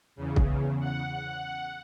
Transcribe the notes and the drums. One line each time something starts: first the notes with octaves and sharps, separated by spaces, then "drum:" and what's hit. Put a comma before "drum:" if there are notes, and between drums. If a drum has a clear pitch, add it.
E2 C#3
drum: kick
F#5